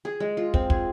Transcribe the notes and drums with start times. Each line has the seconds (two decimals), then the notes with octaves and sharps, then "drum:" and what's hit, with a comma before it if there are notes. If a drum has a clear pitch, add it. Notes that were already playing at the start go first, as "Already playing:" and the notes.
0.05 G#4
0.20 G#3
0.37 F4
0.54 C4, drum: kick
0.70 G#4, drum: kick